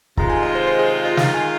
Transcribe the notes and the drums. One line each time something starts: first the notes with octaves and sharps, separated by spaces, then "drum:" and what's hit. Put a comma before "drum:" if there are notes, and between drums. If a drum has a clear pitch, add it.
C3 D#3 G#3 F4 A#5, drum: kick C#1
G#5
D#5
C5
C5
G#4
C5
D#5
D#3 G#3 F4 F5, drum: snare
G#5